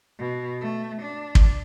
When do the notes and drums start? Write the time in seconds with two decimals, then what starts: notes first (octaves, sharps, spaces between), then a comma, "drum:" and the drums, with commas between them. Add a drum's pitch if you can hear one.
0.19 B2
0.61 A3
1.02 D4
1.35 drum: kick